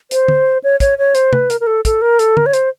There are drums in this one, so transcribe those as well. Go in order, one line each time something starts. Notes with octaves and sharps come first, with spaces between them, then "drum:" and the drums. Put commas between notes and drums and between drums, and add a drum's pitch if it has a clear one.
C5, drum: hi-hat
drum: tom
C#5
C#5, drum: kick, hi-hat
C#5
C5, drum: hi-hat
B4, drum: tom C3
A#4, drum: hi-hat
A#4
A4
A4, drum: kick, hi-hat
A#4
A4, drum: hi-hat
A#4, drum: tom
C#5
C5, drum: hi-hat